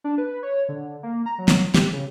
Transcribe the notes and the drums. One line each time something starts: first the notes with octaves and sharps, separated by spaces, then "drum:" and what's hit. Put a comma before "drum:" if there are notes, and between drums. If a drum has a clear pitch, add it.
D4
B4
C#5
D3
A#3
A#5
F#3
drum: snare
G4, drum: snare
C#3